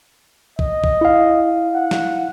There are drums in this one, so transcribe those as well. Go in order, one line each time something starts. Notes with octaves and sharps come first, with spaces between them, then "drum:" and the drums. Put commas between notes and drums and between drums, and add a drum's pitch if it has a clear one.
D#5, drum: kick
drum: kick
E4 F5
F#5
drum: snare